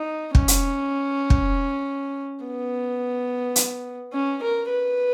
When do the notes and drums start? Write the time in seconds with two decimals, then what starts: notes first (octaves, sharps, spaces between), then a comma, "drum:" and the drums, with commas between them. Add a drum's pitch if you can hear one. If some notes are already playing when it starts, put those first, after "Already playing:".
Already playing: D#4
0.35 C#4, drum: kick
0.48 drum: hi-hat
1.30 drum: kick
2.45 B3
3.56 drum: hi-hat
4.13 C#4
4.43 A#4
4.69 B4